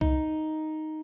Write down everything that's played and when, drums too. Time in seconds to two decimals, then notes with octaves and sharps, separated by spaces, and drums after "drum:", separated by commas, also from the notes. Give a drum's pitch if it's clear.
0.01 D#4, drum: kick C2